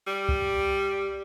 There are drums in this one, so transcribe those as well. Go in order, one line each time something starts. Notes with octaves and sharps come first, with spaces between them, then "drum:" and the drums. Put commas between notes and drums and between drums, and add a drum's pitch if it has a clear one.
G3
drum: kick